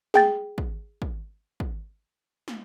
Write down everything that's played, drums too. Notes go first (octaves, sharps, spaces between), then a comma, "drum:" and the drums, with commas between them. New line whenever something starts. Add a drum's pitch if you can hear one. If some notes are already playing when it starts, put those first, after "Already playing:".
G#4 G5 A6, drum: snare
drum: kick
drum: kick
drum: kick
drum: snare